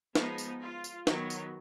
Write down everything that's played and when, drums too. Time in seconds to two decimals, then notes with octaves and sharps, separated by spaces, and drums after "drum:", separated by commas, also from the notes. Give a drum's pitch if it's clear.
0.15 F3 G#3 B3 D#4, drum: snare
0.38 drum: tambourine
0.61 F4
0.84 drum: tambourine
1.07 D#3 F#3 B3, drum: snare
1.30 drum: tambourine